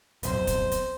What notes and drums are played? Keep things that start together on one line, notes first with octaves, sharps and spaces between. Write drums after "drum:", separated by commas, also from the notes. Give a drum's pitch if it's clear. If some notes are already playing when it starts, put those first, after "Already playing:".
D1 B1 F2 C5, drum: hi-hat
drum: kick, hi-hat
drum: hi-hat